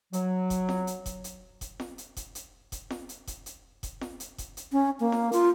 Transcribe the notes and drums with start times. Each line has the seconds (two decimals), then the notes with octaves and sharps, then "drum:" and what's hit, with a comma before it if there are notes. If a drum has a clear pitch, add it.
0.13 F#3, drum: hi-hat
0.50 drum: kick E1, hi-hat
0.69 drum: snare
0.87 drum: hi-hat
1.06 drum: kick E1, hi-hat
1.24 drum: hi-hat
1.61 drum: kick E1, hi-hat
1.80 drum: snare
1.98 drum: hi-hat
2.17 drum: kick E1, hi-hat
2.35 drum: hi-hat
2.72 drum: kick E1, hi-hat
2.90 drum: snare
3.09 drum: hi-hat
3.27 drum: kick E1, hi-hat
3.46 drum: hi-hat
3.83 drum: kick E1, hi-hat
4.01 drum: snare
4.20 drum: hi-hat
4.38 drum: kick E1, hi-hat
4.57 drum: hi-hat
4.72 C#4
5.00 A#3
5.12 drum: snare
5.33 F4, drum: hi-hat